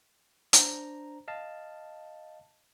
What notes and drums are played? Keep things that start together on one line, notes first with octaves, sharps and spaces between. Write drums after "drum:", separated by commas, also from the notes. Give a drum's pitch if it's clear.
D4 C5 A#5, drum: hi-hat
D#5 F5 A5